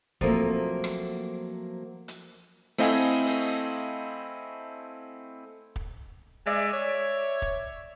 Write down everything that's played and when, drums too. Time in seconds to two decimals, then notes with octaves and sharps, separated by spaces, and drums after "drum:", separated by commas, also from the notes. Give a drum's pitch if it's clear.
0.21 F3 F#3 A3 A#3 C4, drum: kick
0.84 drum: rim click
2.08 drum: hi-hat
2.78 A3 C4 E4 D#5 F5 G#5, drum: open hi-hat
3.25 drum: open hi-hat
5.76 drum: kick
6.46 G#3 D5 E5
6.73 C#5
7.42 drum: kick